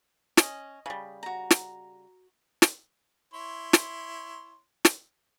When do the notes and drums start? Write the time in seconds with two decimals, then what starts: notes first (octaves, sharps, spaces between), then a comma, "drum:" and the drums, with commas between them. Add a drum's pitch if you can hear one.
0.37 C#4 D#5, drum: snare
0.86 C#3 G3
1.23 F#4 A#5
1.51 drum: snare
2.62 drum: snare
3.34 E4 C#5 C6
3.73 drum: snare
4.85 drum: snare